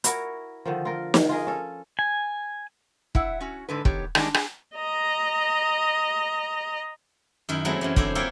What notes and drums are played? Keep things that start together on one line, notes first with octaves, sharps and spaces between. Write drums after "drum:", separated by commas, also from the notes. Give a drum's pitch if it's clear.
E4 F#4 A#4 C#5, drum: hi-hat
D3 D#3 F3
F4 A#4
drum: snare
F4 G#4 A#4
C#4 A4
G#5
E4 E5 F#5, drum: kick
C#4 F#4
G#2 D3 B4
D#3 B3 G4 C#5, drum: kick
D#3 G3 G#3 D4 D#4, drum: rim click
G#4, drum: rim click
D#5 A#5
F#2 D#3 E4
F#3 G#3 A3 C4 E4
F#2 E3 F#3
D3 C4 D4 E4 C5 A#5, drum: kick
A#3 E4 F4 C#5 E5 G5